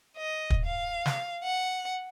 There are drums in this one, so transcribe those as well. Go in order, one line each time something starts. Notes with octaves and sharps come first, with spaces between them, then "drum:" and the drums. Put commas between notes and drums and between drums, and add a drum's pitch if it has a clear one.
D#5
drum: kick
F5
drum: snare
F#5